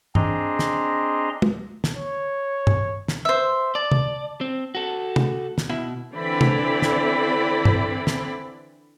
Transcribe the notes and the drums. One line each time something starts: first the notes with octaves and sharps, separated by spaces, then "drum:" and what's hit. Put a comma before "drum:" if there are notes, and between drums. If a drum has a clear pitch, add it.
C4 D4 G#4 D#5 A#5 C6, drum: tom G2
drum: snare
drum: tom
drum: snare
C#5
drum: tom G2
drum: snare
C5 E5
D5 A5
drum: tom
C4
F#4 A4
drum: tom
drum: snare
B2 E4
D3 E3 C4 E4 D5 B5
drum: tom
drum: snare
drum: tom G2
drum: snare